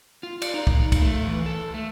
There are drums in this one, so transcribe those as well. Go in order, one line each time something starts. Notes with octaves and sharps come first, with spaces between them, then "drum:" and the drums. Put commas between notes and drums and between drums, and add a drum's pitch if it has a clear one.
F4
D5, drum: cymbal
D#4
drum: kick
drum: kick, cymbal
A3
E3
A4
A3